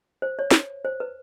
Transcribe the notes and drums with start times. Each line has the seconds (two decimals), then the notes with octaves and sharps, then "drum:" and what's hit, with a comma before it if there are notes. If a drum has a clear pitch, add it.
0.22 C5
0.39 C#5
0.51 drum: snare
0.85 C5
1.00 B4